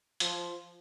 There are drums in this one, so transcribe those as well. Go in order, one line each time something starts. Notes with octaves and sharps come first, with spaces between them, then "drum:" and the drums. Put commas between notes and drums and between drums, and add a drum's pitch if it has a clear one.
F3, drum: hi-hat